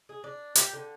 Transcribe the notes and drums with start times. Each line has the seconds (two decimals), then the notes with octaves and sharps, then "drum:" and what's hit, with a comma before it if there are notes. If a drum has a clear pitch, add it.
0.09 G#4
0.24 D4
0.55 G4, drum: hi-hat
0.73 D3